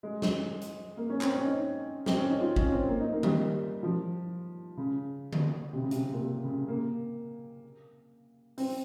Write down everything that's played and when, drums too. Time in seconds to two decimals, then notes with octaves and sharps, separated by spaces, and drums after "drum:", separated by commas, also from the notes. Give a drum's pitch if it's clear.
0.03 G#3
0.22 drum: snare
0.61 drum: hi-hat
0.97 A#3
1.10 C#4
1.21 C4, drum: clap
1.34 C#4
1.45 D#4
2.06 C4, drum: snare
2.17 C#4
2.29 D#4
2.40 F4
2.56 C#4, drum: kick
2.72 C4
2.88 A#3
3.00 D#4
3.12 A#3
3.23 G3, drum: tom D#3
3.83 F3
4.77 C#3
5.33 drum: tom D3
5.73 C3
5.82 C#3
5.91 C3, drum: hi-hat
6.12 A#2
6.20 C3
6.44 C#3
6.68 A#3
8.58 C4, drum: open hi-hat